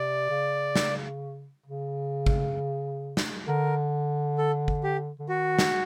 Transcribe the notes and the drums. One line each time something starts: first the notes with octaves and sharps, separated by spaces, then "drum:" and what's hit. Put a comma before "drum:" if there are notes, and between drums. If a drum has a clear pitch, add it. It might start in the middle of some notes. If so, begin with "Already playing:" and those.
Already playing: C3 D5
C#3
drum: snare
C#3
drum: kick
drum: snare
D3 A#4
A4
drum: kick
G4
D3
D#3 F#4
drum: snare